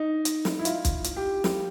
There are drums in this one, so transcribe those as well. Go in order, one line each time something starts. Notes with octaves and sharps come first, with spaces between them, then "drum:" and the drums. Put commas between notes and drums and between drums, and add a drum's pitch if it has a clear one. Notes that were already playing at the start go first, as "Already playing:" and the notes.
Already playing: D#4
drum: hi-hat
drum: snare
E4
F4, drum: hi-hat
drum: kick, hi-hat
drum: hi-hat
G4
drum: snare